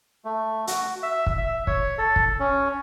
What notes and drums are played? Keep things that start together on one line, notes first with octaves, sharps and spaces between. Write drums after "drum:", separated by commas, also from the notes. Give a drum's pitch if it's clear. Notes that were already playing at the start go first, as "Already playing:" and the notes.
A3
F#4, drum: hi-hat
E5
drum: kick
E5
C#5, drum: kick
A4
drum: kick
C#4